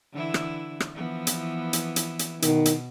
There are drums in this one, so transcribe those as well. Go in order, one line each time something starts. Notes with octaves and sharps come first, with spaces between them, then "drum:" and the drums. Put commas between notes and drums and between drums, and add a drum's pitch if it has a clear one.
D3 E3 E4
drum: rim click
drum: rim click
E3 F3 B3
drum: hi-hat
drum: hi-hat
drum: hi-hat
drum: hi-hat
B2 D#3, drum: hi-hat
drum: hi-hat